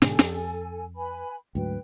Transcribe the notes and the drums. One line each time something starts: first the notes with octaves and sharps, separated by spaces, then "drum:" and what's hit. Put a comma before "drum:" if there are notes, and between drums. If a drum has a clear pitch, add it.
G#2 B2 D3 A4 G#5, drum: snare
F2, drum: snare
B4 G#5 B5
D2 G#2 F#3 B4 G5